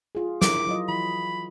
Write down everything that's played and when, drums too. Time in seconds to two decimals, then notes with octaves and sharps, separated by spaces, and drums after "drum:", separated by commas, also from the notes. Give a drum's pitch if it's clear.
0.15 F4 G#4
0.42 F3 E4 A#4 D6, drum: snare
0.67 F#3 F4 D#5
0.88 E3 B5